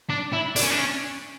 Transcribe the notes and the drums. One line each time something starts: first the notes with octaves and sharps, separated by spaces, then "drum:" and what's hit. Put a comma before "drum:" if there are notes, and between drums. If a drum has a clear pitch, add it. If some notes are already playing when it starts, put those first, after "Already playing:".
D4
E4
D4, drum: hi-hat
C#4
D4
C#4